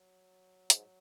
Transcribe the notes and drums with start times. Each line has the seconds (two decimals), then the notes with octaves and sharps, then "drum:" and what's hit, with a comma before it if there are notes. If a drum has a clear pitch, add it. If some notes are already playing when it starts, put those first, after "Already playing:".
Already playing: F#3
0.70 G#2, drum: hi-hat